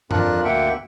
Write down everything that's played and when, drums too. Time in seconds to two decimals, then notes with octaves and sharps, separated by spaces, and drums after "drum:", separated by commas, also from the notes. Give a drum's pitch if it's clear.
0.11 F2 D4 F4 A#4 F#6, drum: tom G2
0.45 D2 A#3 E5 F#5 G5